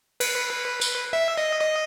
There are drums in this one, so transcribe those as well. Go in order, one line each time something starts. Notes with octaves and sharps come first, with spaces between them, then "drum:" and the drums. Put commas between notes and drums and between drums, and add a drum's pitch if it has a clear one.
B4, drum: cymbal
drum: tambourine
E5
D#5
D#5